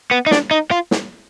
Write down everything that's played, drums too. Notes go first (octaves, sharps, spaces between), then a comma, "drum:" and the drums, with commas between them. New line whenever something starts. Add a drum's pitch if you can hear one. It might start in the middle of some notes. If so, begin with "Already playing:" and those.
B3
D#4
D4, drum: snare
D#4
F4
drum: snare